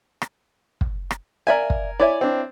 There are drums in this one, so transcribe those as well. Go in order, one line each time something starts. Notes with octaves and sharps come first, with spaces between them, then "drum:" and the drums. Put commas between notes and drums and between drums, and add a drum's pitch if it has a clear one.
drum: rim click
drum: kick
drum: rim click
A#4 D5 E5 F5 G#5
drum: kick
E4 C#5 D5 E5 G#5
C4 D4